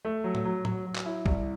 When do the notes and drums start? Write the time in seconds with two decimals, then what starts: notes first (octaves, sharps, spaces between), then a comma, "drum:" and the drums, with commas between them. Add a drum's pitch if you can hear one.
0.05 A3
0.24 F#3
0.35 drum: tom A2
0.45 F#3
0.65 F#3, drum: tom A2
0.86 F#3
0.96 drum: clap
1.06 E4
1.26 C2, drum: kick